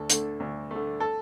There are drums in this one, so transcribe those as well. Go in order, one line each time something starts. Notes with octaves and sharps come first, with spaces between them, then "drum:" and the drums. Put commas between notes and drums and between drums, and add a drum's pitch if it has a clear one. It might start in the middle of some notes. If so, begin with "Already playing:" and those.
Already playing: D2 A4
D3 A3, drum: hi-hat
D2
D3 A3
A4